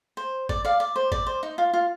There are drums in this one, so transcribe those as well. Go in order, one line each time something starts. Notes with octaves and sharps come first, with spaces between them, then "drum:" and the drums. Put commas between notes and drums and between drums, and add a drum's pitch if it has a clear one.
C5
D5, drum: kick
D5 F5
D5
C5
D5, drum: kick
C5
D#4
F4
F4